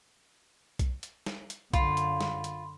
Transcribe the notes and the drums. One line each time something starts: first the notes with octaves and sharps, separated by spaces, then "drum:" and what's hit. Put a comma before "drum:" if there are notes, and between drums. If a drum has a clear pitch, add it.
drum: kick B1, hi-hat
drum: hi-hat
drum: snare
drum: hi-hat
F#2 D3 F4 B5 C6, drum: kick B1, hi-hat
drum: hi-hat
drum: snare
drum: hi-hat